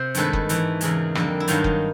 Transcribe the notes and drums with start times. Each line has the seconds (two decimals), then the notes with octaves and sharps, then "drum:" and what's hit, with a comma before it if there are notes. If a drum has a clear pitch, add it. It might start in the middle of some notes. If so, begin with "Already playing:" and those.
Already playing: C3 C5
0.15 G2 D#3 G#3 A4 B4, drum: hi-hat
0.33 drum: kick F#1
0.49 G#2 E3 A3, drum: hi-hat
0.81 E2 C#3 E3 G#3 G#4 A#4, drum: hi-hat
1.15 F2 D3 G3 A#3, drum: rim click
1.40 E4
1.48 G2 D#3 F#3 D#4 F4, drum: hi-hat
1.64 drum: kick F#1